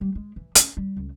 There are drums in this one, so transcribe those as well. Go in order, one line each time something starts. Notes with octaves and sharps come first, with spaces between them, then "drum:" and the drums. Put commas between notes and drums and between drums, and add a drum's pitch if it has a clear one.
G3
G#3
E3
C#4, drum: hi-hat
G3
C#2